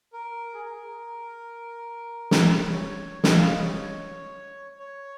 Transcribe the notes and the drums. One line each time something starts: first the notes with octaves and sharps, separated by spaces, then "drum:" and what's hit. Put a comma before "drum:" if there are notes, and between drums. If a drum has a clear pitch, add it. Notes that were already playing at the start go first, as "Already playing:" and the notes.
A#4
G#4
A#4
drum: snare
C#5
D#5, drum: snare
F5
D#5
C#5
C#5